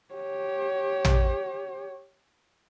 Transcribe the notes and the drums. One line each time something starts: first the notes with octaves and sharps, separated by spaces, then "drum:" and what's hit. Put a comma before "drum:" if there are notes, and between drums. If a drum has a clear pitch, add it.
G4 C#5
drum: tom